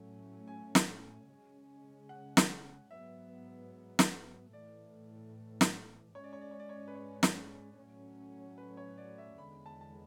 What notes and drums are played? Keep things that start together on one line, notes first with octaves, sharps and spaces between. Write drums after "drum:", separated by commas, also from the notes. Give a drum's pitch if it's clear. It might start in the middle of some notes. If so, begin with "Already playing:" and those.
Already playing: A2 F#3 A3 C#4
G#5
drum: snare
C#3 G#3 C#4
F#5
drum: snare
G#2 F#3 B3 E5
drum: snare
A2 E3 A3 D5
drum: snare
G#2 G#3 C#4 C#5
D5
C#5
D5
C#5
D5
C#5
B4
C#5
drum: snare
A2 F#3 A3 C#4
B4
C#5
D5
E5
E2 D3 G#3 B5
A5
A5